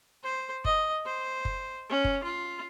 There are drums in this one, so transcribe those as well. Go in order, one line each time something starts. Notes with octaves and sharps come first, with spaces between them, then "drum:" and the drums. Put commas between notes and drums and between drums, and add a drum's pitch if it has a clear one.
C5
D#5, drum: kick
C5
drum: kick
C#4
drum: kick
F4